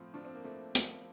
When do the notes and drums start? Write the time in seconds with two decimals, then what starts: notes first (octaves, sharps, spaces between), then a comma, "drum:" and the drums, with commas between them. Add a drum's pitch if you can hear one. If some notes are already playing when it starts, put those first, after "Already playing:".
Already playing: A2 F3 C4
0.14 F3 D4
0.25 C4
0.34 A#3
0.44 F3 A3
0.75 F3 A#3, drum: hi-hat